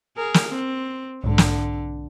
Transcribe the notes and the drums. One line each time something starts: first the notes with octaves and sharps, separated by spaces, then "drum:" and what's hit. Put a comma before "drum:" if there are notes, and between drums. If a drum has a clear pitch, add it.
G#4 A#4
drum: snare
C4
B1 G#2 D3
drum: snare